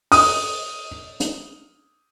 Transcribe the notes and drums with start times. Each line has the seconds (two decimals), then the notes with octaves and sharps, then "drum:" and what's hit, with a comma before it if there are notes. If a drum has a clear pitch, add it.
0.12 D#6, drum: open hi-hat
1.20 drum: hi-hat